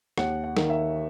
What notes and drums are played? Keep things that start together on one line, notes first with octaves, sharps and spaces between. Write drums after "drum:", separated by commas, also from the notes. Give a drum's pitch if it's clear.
D#2 F#5, drum: rim click
F#5
D#3 A#3 D#4, drum: snare
E5